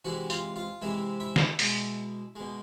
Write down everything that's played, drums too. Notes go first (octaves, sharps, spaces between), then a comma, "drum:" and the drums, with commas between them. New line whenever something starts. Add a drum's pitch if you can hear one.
C3 E3 G#3 F#4 F#5
F4 F5, drum: tambourine
F4 F5
C3 E3 G#3 E4 E5
E4 E5
drum: snare
B2 G#3, drum: open hi-hat
B2 G#3